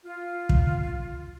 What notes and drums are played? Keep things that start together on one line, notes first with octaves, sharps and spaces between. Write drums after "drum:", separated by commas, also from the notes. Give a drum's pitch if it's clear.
F4
drum: kick